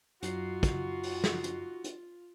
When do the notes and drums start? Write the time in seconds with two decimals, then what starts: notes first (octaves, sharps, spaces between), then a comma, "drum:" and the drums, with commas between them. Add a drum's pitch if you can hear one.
0.22 F#2 F#3 D#4 F4 F#4 C7, drum: hi-hat
0.63 drum: kick, hi-hat
1.03 drum: open hi-hat
1.24 drum: snare
1.44 drum: hi-hat
1.84 drum: hi-hat